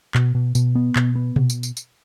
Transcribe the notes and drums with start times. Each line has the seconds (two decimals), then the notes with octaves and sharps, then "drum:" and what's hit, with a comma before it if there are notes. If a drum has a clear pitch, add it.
0.15 B2, drum: clap
0.35 B2
0.55 B2, drum: tambourine
0.75 B3
0.96 B2, drum: clap
1.15 B3
1.36 B2, drum: tom B2
1.50 drum: tambourine
1.63 drum: tambourine
1.77 drum: tambourine